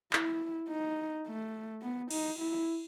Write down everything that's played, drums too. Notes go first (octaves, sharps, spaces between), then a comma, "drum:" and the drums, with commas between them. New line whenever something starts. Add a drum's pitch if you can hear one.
E4, drum: clap
D#4
A3
B3
D#4, drum: cymbal
E4